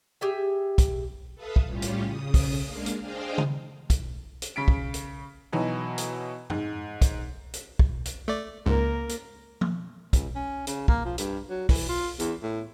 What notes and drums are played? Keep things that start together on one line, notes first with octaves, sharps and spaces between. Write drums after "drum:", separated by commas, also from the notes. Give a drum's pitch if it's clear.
G4 G#4 E5
drum: kick, hi-hat
A4 B4 E5 F5 D#6
drum: kick
A2 G3 C#4 F4 G4
drum: hi-hat
C#3 D#6
drum: kick, open hi-hat
G#3 A#3 D4 F5
drum: hi-hat
D4 G#4 C5 D#5 F5 G5
drum: tom C#3
drum: kick, hi-hat
drum: hi-hat
C#3 B6 D7
drum: kick
drum: hi-hat
B2 E3 F#3 D#4
drum: hi-hat
G#2, drum: tom F2
drum: kick, hi-hat
drum: hi-hat
drum: kick
drum: hi-hat
A3 D5
C#2 G#2 A#3 A#4
drum: hi-hat
drum: tom F3
C#2, drum: kick, hi-hat
C#4
C#3, drum: hi-hat
A#3, drum: kick
F3
G2, drum: hi-hat
F#3
E3, drum: kick, open hi-hat
F4
E2, drum: hi-hat
A2